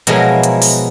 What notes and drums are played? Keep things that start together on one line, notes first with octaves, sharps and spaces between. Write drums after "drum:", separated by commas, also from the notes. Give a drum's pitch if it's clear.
B2 F3 F#3 G#3 E4 A#4, drum: hi-hat
drum: hi-hat
drum: open hi-hat